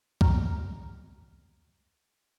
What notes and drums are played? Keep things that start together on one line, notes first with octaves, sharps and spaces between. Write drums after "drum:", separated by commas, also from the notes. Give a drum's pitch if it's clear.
A#5 F6, drum: kick C2